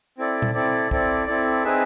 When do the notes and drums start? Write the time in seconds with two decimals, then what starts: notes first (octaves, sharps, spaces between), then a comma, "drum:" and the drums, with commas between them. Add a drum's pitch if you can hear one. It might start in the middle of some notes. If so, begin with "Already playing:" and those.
0.18 C4 E4 A4 D5
0.42 drum: tom A#2
0.54 C4 E4 A4 D5
0.91 C4 E4 A4 D5, drum: kick
1.27 C4 E4 A4 D5
1.64 C4 D#4 G#4 B4 E5